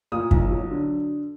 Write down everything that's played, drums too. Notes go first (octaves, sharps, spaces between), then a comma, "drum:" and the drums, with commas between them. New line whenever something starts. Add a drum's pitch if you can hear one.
A#2 D#6
B1, drum: kick
F#3
D3